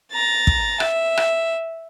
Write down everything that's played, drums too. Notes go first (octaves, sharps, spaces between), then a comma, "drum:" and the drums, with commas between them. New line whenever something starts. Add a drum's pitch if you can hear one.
A#5 A6
drum: kick
E5, drum: rim click
drum: rim click